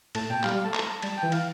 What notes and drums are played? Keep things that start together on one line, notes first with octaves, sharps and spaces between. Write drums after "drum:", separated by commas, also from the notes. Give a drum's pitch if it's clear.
A2 A5, drum: cymbal
A#2 G5
G3 F5, drum: clap
G3 F5
A3 A5
A#5, drum: clap
A5
G3 A5, drum: cymbal
G5
E3
F5, drum: cymbal